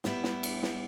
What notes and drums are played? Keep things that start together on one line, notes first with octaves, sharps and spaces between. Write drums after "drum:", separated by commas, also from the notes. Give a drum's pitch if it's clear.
A2 G3 B3 E4, drum: snare
drum: snare
drum: cymbal
drum: snare